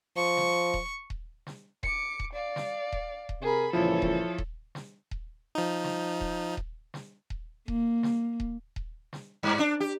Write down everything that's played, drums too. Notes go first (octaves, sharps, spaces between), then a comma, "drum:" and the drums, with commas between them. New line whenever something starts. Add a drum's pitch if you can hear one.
F3 C#6
drum: snare
drum: kick D#1
drum: kick D#1
drum: snare
D6 C#7, drum: kick D#1
drum: kick D#1
D5 F5
drum: snare
drum: kick D#1
drum: kick D#1
C3 G#4 A#4 B5
C#2 A#2 E3 F3 E4 A4 C#5
drum: kick D#1
drum: kick D#1
drum: snare
drum: kick D#1
F3 D#4
drum: snare
drum: kick D#1
drum: kick D#1
drum: snare
drum: kick D#1
A#3, drum: kick D#1
drum: snare
drum: kick D#1
drum: kick D#1
drum: snare
G2
D4
G4